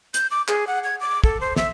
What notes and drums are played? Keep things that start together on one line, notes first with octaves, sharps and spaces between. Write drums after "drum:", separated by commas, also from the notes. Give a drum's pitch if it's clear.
G6, drum: hi-hat
D6
G#4, drum: clap
F#5
G#6
D6
A4, drum: kick
C5
E5, drum: snare